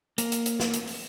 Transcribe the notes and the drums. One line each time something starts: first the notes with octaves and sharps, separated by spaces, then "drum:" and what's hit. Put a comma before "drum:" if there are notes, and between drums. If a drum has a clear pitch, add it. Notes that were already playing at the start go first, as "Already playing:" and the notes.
A#3, drum: hi-hat
drum: hi-hat
drum: hi-hat
drum: snare
drum: hi-hat
drum: open hi-hat